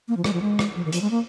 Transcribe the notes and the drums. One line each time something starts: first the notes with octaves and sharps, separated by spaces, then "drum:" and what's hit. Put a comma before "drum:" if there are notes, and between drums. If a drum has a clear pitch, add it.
A#3
F3
G#3, drum: rim click
F3
G#3
drum: rim click
F3
D#3
F3, drum: hi-hat
G#3
A#3